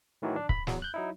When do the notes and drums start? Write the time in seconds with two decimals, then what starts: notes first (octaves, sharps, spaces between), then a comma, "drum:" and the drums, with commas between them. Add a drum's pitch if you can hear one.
0.22 A2 D#3 E3 F#3
0.36 D4
0.49 B5, drum: kick C#1
0.67 E2 F#3, drum: snare
0.82 F#6 G6
0.94 F#3 D#4 E4